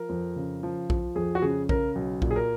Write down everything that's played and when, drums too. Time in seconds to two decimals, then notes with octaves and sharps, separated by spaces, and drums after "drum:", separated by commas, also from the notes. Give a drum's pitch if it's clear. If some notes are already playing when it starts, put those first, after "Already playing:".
Already playing: F3 A#4
0.09 F2
0.36 C#3
0.63 F3
0.90 F3, drum: kick A#1
1.15 F2 G#4
1.35 F#4
1.42 C#3 G#4
1.69 C#3 A#4, drum: kick A#1
1.95 B1
2.22 A#2, drum: kick A#1
2.31 G#4
2.36 A#4